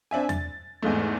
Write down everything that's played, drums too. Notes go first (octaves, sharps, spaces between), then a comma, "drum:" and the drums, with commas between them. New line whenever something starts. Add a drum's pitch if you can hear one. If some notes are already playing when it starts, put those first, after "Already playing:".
C4 D4 E5 G#5
A6, drum: tom E2
E2 G#2 G#3 A3